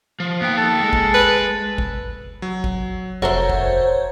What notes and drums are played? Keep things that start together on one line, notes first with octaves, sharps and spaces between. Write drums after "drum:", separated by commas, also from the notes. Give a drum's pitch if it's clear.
F3
A#3 B3 G5
A4
G#3
drum: kick G1
B4
drum: kick G1
F#3
drum: kick G1
F1 F#4 A4 A#4 C5 C#5 E5 F#5
drum: kick G1